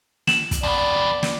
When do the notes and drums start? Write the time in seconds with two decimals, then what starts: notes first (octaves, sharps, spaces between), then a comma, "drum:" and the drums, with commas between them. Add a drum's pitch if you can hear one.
0.27 E7 F#7, drum: snare
0.51 drum: kick, hi-hat
0.63 F2 B3 D5
1.23 drum: snare